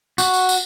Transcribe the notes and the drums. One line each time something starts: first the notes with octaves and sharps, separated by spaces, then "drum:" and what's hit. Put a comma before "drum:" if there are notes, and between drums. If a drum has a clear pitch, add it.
F#4, drum: tambourine
drum: tambourine
drum: tambourine